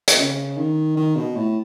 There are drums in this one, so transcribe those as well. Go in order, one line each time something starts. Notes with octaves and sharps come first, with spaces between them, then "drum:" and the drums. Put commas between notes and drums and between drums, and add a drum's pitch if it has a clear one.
drum: hi-hat
C#3
D#3
D#3
B2
A2